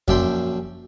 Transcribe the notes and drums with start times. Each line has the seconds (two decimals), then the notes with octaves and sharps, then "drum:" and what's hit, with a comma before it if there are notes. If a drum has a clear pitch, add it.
0.08 A#1 F#2 D4 E5 G5 C6, drum: kick F2